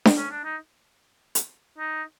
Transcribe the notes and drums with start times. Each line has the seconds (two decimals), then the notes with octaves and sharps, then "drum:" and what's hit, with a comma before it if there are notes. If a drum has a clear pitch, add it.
0.05 drum: snare D4
0.17 C#4
0.31 D4
0.44 D#4
1.35 drum: hi-hat
1.78 D#4